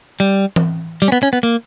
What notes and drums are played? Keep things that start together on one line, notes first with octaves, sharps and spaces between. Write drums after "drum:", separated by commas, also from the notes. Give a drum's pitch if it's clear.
G3
drum: tom E3
G3, drum: hi-hat
C#4
B3
C#4
B3
A#3